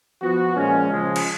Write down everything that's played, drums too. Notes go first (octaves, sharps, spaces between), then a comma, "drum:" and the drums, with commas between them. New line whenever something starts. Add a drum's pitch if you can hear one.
F3 B3 F#4
A#2 F3 G#3 C#4
C#3 F3 G#3
drum: cymbal